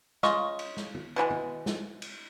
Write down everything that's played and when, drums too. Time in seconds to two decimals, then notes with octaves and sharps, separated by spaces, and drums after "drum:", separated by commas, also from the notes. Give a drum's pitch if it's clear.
0.23 C#3 F4 D#5 C#6, drum: snare
0.59 drum: cymbal
0.77 drum: snare
0.95 drum: tom
1.16 B2 E3 F#3 G#3
1.30 drum: tom
1.66 drum: snare
2.02 drum: cymbal